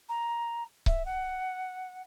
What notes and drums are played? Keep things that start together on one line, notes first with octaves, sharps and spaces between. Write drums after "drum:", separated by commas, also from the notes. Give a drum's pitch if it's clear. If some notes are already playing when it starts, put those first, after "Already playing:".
A#5
E5, drum: kick C#1
F#5